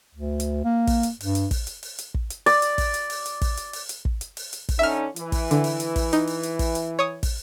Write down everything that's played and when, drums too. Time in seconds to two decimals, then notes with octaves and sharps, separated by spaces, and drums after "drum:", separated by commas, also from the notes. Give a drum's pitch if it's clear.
0.15 D2
0.40 drum: hi-hat
0.64 A#3
0.87 drum: kick, open hi-hat
1.03 drum: hi-hat
1.21 G2, drum: open hi-hat
1.35 drum: hi-hat
1.51 drum: kick, open hi-hat
1.67 drum: hi-hat
1.83 drum: open hi-hat
1.99 drum: hi-hat
2.14 drum: kick
2.30 drum: hi-hat
2.46 D5, drum: open hi-hat
2.62 drum: hi-hat
2.78 drum: kick, open hi-hat
2.94 drum: hi-hat
3.10 drum: open hi-hat
3.26 drum: hi-hat
3.41 drum: kick, open hi-hat
3.57 drum: hi-hat
3.73 drum: open hi-hat
3.89 drum: hi-hat
4.05 drum: kick
4.21 drum: hi-hat
4.37 drum: open hi-hat
4.53 drum: hi-hat
4.69 drum: kick, open hi-hat
4.79 D3 C#4 D#4 E5 F6
5.16 E3, drum: hi-hat
5.32 drum: kick, open hi-hat
5.51 D3, drum: hi-hat
5.64 drum: open hi-hat
5.80 drum: hi-hat
5.96 drum: kick, open hi-hat
6.13 D#4, drum: hi-hat
6.27 drum: open hi-hat
6.43 drum: hi-hat
6.59 drum: kick, open hi-hat
6.75 drum: hi-hat
6.99 C#5 D#6
7.23 drum: kick, open hi-hat